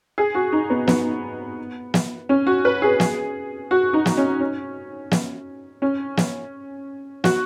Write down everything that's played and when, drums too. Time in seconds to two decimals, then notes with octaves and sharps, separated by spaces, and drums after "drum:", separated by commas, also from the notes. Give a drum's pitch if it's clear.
0.18 G#4
0.35 F#4
0.52 D#4
0.70 B3
0.87 B3, drum: snare
1.94 drum: snare
2.29 C#4
2.47 F#4
2.65 B4
2.82 G#4
3.00 drum: snare
3.71 F#4
3.93 D#4
4.06 drum: snare
4.17 C#4
4.40 C#4
5.11 drum: snare
5.82 C#4
6.17 drum: snare
7.24 F#4, drum: snare